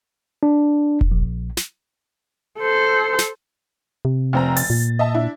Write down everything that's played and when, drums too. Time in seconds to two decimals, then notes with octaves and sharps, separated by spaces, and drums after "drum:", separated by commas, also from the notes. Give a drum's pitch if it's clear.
0.43 D4
1.01 drum: kick E1
1.12 A#1
1.57 drum: snare
2.59 A4 C5
3.19 drum: snare
4.05 C3
4.33 F1 C4 A#5
4.57 A6, drum: open hi-hat
4.70 A#2
4.99 D#5 E5 A5
5.14 D4 E4